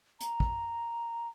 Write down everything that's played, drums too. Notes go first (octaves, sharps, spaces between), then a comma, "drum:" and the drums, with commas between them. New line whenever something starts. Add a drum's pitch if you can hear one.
A#5, drum: hi-hat
drum: kick